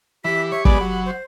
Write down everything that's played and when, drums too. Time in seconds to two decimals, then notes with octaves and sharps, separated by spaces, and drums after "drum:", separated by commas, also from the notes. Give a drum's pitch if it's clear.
0.24 E3 G4 B6
0.52 C#5 E5
0.65 G#3 B3 D5 B5, drum: kick
0.81 F#3
1.06 C5